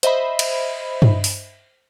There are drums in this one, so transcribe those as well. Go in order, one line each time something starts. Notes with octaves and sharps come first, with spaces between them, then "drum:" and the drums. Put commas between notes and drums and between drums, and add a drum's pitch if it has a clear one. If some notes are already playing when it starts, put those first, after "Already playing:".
C5 D#5 E5 B5, drum: hi-hat
drum: cymbal
drum: tom G2
drum: open hi-hat